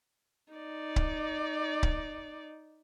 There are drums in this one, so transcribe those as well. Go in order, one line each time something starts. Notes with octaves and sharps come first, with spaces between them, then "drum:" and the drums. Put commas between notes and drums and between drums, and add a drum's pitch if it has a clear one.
D#4 D5
drum: kick C#1
drum: kick C#1